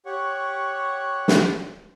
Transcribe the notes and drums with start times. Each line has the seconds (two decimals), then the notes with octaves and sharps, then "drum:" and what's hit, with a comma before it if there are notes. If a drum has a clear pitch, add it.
0.06 G4 C#5 F#5 C#6
1.28 drum: snare